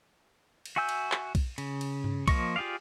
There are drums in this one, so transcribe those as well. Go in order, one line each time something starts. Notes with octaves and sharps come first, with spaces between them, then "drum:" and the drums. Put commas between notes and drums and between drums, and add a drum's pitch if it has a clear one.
drum: cymbal
F#4 E5 G#5 E6 G6
drum: cymbal
drum: clap
drum: kick, cymbal
C#3, drum: cymbal
drum: cymbal
drum: tom G2
F3 A#3 D#5 C#6, drum: kick, cymbal
F4 G4 G#4 D5 F5